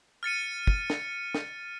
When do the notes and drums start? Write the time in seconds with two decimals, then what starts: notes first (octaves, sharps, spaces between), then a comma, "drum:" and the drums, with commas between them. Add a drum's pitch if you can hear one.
0.23 F6 A6 C#7 D#7
0.67 drum: kick
0.90 drum: snare
1.35 drum: snare